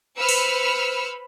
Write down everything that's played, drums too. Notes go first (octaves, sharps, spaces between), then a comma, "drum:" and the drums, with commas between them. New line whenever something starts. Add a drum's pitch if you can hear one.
B4 C5 B5 E6 F6 C#7
drum: open hi-hat